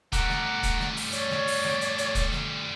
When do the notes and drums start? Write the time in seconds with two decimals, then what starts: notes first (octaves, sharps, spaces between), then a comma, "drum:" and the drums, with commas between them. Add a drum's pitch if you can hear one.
0.12 G3 A3 F#5 A#5 D6, drum: kick, hi-hat
0.29 drum: snare
0.63 drum: kick, hi-hat
0.80 drum: snare
0.97 drum: open hi-hat
1.12 C#5 D5, drum: hi-hat
1.31 drum: snare
1.47 drum: open hi-hat
1.64 drum: snare
1.81 drum: hi-hat
1.98 drum: hi-hat
2.15 drum: kick, hi-hat
2.32 drum: snare